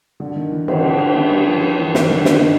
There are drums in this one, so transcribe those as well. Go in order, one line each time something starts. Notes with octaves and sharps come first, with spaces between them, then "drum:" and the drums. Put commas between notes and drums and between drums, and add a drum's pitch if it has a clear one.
D3
D#3
E3
D#3, drum: cymbal
D3
D#3
G3
F3
E3
D#3, drum: snare
D3
D3
D#3, drum: snare
D#3